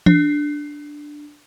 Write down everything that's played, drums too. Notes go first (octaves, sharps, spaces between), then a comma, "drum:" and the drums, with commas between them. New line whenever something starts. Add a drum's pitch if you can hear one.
D4, drum: tom E3